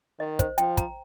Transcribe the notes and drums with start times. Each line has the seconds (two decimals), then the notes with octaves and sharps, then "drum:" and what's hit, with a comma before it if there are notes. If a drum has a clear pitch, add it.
0.20 D#3 D#5
0.39 C5, drum: kick, hi-hat
0.58 F3 G5, drum: hi-hat
0.77 A#5, drum: kick, hi-hat